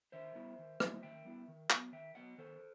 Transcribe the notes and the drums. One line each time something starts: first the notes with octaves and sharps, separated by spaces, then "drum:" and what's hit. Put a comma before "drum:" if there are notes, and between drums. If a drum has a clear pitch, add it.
D#3 C5 E5
G3 B3 E4
D#3
G3 B3 E4, drum: rim click
D#3 E5 G5
G3 B3 E4
D#3
F#3 B3, drum: clap
D#3 E5 G5
F#3 B3 D#5 F#5
D#3 A4 C5